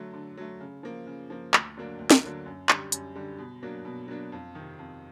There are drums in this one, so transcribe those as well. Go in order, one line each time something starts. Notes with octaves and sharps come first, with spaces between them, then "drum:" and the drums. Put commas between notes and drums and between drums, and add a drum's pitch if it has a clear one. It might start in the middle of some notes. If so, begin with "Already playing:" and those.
Already playing: D3 F#3 A3
D3
F#3 A3
C#3
F3 A#3
C#3
F3 A#3
D2, drum: clap
D3 F#3 A#3 D4
D2
drum: snare
D3 F#3 A#3 D4
F#2
D3 G3, drum: clap
F#2, drum: hi-hat
D3 G3
B2
F#3 A#3 D4
B2
F#3 A#3 D4
F2
C3 D#3
F2